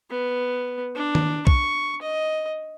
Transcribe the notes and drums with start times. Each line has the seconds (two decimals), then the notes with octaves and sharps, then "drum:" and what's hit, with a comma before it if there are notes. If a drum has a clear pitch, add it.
0.10 B3
0.95 D4
1.15 drum: tom D#3
1.47 C#6, drum: kick B1
2.02 D#5